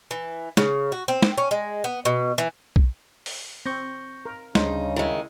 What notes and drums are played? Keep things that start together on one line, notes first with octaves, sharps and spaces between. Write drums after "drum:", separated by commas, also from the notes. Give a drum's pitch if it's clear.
E3
C#3, drum: snare
F#4
C4
drum: snare
C#4
G#3
B3
B2
E3
drum: kick B1
drum: open hi-hat
C4 C#6 G6 A#6
A#4
D2 C#3 G3 D4 D#4 C5, drum: snare
D#3 G#3 E4